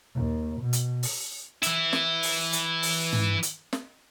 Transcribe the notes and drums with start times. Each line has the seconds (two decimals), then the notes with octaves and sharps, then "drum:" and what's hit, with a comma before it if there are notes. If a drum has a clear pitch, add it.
0.15 D#2
0.61 B2
0.73 drum: hi-hat
1.03 drum: open hi-hat
1.63 E3 E4, drum: hi-hat
1.93 drum: snare
2.23 drum: open hi-hat
2.53 drum: hi-hat
2.83 drum: open hi-hat
3.13 drum: tom
3.43 drum: hi-hat
3.73 drum: snare